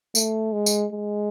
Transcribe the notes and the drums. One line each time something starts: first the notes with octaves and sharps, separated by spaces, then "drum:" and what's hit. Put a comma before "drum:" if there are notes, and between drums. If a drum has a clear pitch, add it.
A3, drum: tambourine
G#3
drum: tambourine
G#3